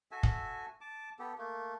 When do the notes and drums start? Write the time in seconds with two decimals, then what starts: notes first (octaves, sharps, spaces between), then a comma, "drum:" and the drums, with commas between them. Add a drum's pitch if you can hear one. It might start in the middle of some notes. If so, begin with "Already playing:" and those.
0.11 F#4 A4 E5 G#5
0.23 drum: kick
0.81 A5 D6
1.19 B3 G4 A4
1.38 A3 A#3